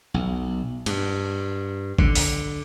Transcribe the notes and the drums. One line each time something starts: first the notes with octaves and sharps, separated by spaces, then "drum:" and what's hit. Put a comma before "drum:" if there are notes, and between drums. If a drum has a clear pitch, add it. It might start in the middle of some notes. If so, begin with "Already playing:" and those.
B1
G2, drum: cymbal
D3, drum: kick
drum: open hi-hat